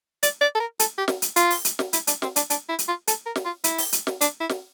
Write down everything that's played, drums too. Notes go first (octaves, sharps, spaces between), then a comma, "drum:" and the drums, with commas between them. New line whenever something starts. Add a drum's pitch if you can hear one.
D5, drum: hi-hat
D5
A4
A#4
A4, drum: hi-hat
G4
drum: snare
drum: hi-hat
F4, drum: hi-hat
drum: open hi-hat
drum: hi-hat
drum: snare
E4, drum: hi-hat
D4, drum: hi-hat
C4, drum: snare
D4, drum: hi-hat
D4, drum: hi-hat
E4
drum: hi-hat
F4
A4, drum: hi-hat
A#4
drum: snare
F4
E4, drum: hi-hat
drum: open hi-hat
drum: hi-hat
drum: snare
D4, drum: hi-hat
E4
drum: snare